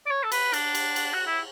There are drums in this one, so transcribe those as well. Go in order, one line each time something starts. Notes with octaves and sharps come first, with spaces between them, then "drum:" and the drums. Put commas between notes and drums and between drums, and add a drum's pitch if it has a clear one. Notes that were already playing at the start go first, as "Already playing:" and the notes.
D5
C#5
A4
B4, drum: cymbal
D4, drum: cymbal
drum: cymbal
drum: cymbal
F#4
E4